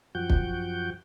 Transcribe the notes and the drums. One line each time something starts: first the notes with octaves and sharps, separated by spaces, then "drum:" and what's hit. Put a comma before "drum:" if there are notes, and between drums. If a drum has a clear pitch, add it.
F#2 F3 F#4 F#5 G5 G6
drum: kick